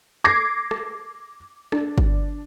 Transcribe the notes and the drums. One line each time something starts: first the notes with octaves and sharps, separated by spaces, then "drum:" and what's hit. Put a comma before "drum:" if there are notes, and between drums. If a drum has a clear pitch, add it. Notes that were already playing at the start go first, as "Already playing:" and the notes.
D6 G#6 A#6 C7
drum: rim click
D4, drum: rim click
drum: kick